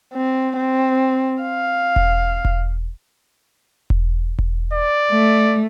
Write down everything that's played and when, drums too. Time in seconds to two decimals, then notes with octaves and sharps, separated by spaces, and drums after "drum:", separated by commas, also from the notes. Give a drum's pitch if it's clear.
0.13 C4
0.56 C4
1.42 F5
1.96 drum: kick E1
2.45 drum: kick E1
3.90 drum: kick E1
4.39 drum: kick E1
4.73 D5
5.11 A3